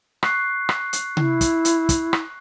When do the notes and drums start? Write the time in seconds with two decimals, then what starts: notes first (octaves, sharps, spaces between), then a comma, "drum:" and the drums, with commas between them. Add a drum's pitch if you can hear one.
0.23 C#6 F#6 C7, drum: rim click
0.69 drum: rim click
0.93 drum: hi-hat
1.17 E4, drum: tom C3
1.41 drum: kick, hi-hat
1.65 drum: hi-hat
1.89 drum: kick, hi-hat
2.13 drum: rim click